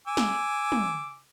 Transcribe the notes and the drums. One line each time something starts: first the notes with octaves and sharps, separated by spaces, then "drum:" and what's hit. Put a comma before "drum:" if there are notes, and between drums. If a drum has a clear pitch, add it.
G#5 D6 E6
drum: snare
drum: tom